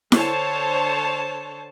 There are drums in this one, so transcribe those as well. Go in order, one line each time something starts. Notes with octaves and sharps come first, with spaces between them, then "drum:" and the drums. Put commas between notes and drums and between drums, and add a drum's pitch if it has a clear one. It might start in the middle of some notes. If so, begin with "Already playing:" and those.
D3 C5 C#5 A5, drum: snare E4